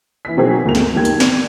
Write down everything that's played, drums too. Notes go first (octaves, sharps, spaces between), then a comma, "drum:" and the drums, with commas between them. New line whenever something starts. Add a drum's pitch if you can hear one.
E3 B6
B2 D#3 F#3 C4 F#4 G#4
D2 G#3 A#3 F7
drum: snare
G1 D#2 D#3 G4 G#6
drum: hi-hat
D5, drum: snare